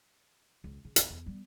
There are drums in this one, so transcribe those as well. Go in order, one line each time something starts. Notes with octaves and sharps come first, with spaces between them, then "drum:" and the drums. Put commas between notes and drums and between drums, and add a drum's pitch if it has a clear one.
C#2
C#3
A1 E2, drum: hi-hat
E2
G3 B3